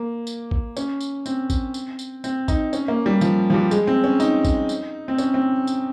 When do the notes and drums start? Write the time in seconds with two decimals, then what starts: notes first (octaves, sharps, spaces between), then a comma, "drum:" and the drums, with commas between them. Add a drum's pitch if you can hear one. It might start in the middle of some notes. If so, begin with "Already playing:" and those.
Already playing: A#3
0.27 drum: tambourine
0.51 drum: kick A1
0.77 C#4, drum: tambourine
1.01 drum: tambourine
1.26 C4, drum: tambourine
1.50 drum: kick A1, tambourine
1.74 drum: tambourine
1.99 drum: tambourine
2.24 C4, drum: tambourine
2.48 D#4, drum: kick A1, tambourine
2.73 C#4, drum: tambourine
2.88 A#3
3.06 G3
3.21 F3, drum: tambourine
3.50 F3
3.54 G3
3.71 G#3, drum: tambourine
3.87 C4
4.04 C#4
4.20 D#4, drum: tambourine
4.45 drum: kick A1, tambourine
4.69 drum: tambourine
5.08 C4
5.18 C#4, drum: tambourine
5.34 C4
5.67 drum: tambourine